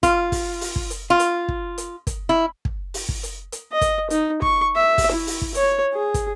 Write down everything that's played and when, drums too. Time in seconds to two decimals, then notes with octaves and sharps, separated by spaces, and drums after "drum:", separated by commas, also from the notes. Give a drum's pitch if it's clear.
0.03 F4, drum: kick, hi-hat
0.32 drum: kick, open hi-hat
0.61 drum: open hi-hat
0.76 drum: kick
0.90 drum: hi-hat
1.10 F4
1.19 drum: hi-hat
1.48 drum: kick
1.78 drum: hi-hat
2.07 drum: kick, hi-hat
2.29 E4
2.65 drum: kick
2.94 drum: open hi-hat
3.09 drum: kick
3.23 drum: hi-hat
3.52 drum: hi-hat
3.72 D#5
3.81 drum: kick, hi-hat
4.10 D#4, drum: hi-hat
4.42 C#6, drum: kick
4.76 E5
4.98 drum: kick, open hi-hat
5.11 E4
5.27 drum: open hi-hat
5.42 drum: kick
5.55 C#5, drum: hi-hat
5.93 G#4
6.14 drum: kick, hi-hat